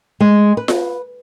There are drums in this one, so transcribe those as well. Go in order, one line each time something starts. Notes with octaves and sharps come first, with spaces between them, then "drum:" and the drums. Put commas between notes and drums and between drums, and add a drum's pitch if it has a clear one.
G#3
B4
drum: snare F4